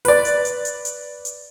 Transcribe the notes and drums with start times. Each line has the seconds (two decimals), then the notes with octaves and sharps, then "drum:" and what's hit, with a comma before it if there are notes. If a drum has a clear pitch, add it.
0.05 B4 D5, drum: open hi-hat
0.25 drum: hi-hat
0.45 drum: hi-hat
0.65 drum: hi-hat
0.85 drum: hi-hat
1.25 drum: hi-hat